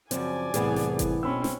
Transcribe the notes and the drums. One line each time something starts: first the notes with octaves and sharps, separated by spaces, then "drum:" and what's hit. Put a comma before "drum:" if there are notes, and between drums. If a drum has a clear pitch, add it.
F#2 C#3 F3 C4 D5 G#5, drum: hi-hat
C2 A2 E3 B3 G#4, drum: hi-hat
drum: snare
drum: kick F#1, hi-hat
B1 C4 C#4 B5 E6
drum: snare